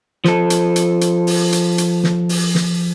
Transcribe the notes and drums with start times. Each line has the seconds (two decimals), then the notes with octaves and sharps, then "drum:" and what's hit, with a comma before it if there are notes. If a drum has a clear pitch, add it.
0.25 F3 A4, drum: snare
0.50 drum: hi-hat
0.76 drum: hi-hat
1.01 drum: hi-hat
1.27 drum: open hi-hat
1.52 drum: hi-hat
1.78 drum: hi-hat
2.04 drum: snare
2.29 drum: open hi-hat
2.55 drum: snare